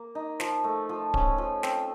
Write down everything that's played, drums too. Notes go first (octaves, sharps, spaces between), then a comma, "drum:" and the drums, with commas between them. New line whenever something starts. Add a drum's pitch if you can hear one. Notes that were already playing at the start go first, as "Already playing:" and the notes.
Already playing: A#3
D#4
F3, drum: snare
A3
F3
C#4, drum: kick D1
F3
C4, drum: snare